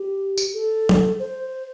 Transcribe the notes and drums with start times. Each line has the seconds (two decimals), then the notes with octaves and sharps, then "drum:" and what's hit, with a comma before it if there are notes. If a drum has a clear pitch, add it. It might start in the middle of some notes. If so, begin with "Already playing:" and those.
Already playing: G4
0.37 drum: tambourine
0.54 A4
0.89 drum: tom
1.19 C5